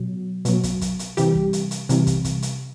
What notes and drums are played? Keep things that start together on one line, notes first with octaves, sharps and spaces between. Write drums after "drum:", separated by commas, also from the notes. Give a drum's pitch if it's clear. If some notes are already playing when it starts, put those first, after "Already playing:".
Already playing: B2 F#3
B2 F#3, drum: hi-hat
drum: kick, hi-hat
drum: kick, hi-hat
drum: hi-hat
C3 E3 G3 G4, drum: hi-hat
drum: kick
drum: hi-hat
drum: hi-hat
C3 E3 G3, drum: hi-hat
drum: kick, hi-hat
drum: kick, hi-hat
drum: hi-hat